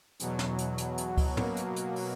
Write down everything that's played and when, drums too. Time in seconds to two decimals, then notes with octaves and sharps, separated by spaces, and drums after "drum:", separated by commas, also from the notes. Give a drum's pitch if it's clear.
0.20 E2 B2 F#3, drum: hi-hat
0.39 drum: snare
0.59 drum: hi-hat
0.78 drum: hi-hat
0.98 drum: hi-hat
1.17 drum: kick C#2, open hi-hat
1.37 B2 F#3 A#3, drum: tom
1.57 drum: hi-hat
1.76 drum: hi-hat
1.96 drum: open hi-hat